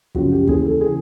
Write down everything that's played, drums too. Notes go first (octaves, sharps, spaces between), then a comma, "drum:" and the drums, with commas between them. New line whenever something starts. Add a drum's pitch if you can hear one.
F#2 C#3 F3 F#4, drum: kick
G4
D#2 C#3 E3 G#4, drum: kick
G#4
A4
C#3 E3 G#4